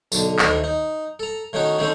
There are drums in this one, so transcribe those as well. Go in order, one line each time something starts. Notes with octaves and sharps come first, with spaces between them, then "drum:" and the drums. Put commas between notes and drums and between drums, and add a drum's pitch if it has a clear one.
B1 D3, drum: tambourine
D2 A2 D#3 E3, drum: clap
D#4
A4 A#5
A2 D#3 C#4 D#4 F#4
D3 D#3 A3 C4 C#4